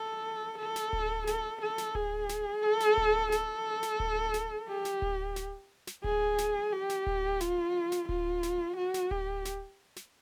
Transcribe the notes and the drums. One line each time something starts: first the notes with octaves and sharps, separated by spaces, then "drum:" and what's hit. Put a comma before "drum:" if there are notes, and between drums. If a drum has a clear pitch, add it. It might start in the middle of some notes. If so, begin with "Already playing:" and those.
Already playing: A4
A4
drum: snare
drum: kick D1
A4, drum: snare
A4
drum: snare
G#4, drum: kick D1
drum: snare
A4
drum: snare
drum: kick D1
A4, drum: snare
drum: snare
drum: kick D1
drum: snare
G4
drum: snare
drum: kick D1
drum: snare
drum: snare
G#4, drum: kick D1
drum: snare
G4
drum: snare
drum: kick D1
F4, drum: snare
drum: snare
F4, drum: kick D1
drum: snare
F#4
drum: snare
G4, drum: kick D1
drum: snare
drum: snare